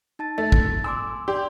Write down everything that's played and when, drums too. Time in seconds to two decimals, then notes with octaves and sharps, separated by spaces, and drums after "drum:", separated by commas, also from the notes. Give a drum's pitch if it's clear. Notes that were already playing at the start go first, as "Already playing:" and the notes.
0.19 D#4 A5 A6
0.38 A3 A6
0.52 drum: kick
0.84 G#5 C6 D6 E6
1.28 G4 D5 C6